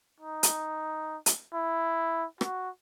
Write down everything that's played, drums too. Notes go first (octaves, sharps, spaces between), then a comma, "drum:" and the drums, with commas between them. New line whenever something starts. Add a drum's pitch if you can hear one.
D#4
drum: hi-hat
drum: hi-hat
E4
F#4, drum: rim click